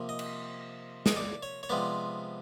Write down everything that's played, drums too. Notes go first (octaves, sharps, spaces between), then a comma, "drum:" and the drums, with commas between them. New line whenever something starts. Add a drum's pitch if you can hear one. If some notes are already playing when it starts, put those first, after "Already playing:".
Already playing: C3 F3 A#3
D#5
drum: cymbal
D#5, drum: snare
D5
C#5
C#5
C3 F3 G#3 B3 D5